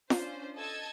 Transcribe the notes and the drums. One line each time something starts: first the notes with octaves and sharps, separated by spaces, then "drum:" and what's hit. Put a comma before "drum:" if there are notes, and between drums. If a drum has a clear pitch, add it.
C#4 D4 F4 C5, drum: snare
A4 D#5 A5 E6 G#6 A6